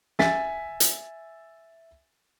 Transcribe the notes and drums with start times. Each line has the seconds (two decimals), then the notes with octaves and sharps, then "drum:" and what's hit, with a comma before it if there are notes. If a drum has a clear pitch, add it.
0.19 E5 G#5 A6 B6, drum: snare
0.80 drum: hi-hat